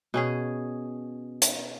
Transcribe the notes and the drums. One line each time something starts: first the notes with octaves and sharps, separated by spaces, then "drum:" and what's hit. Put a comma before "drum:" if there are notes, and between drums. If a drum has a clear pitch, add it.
B2 C#4 G#4
drum: hi-hat